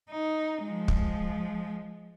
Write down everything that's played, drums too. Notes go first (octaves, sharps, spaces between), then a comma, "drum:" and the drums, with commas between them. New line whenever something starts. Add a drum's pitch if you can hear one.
D#4
F3 G#3
drum: kick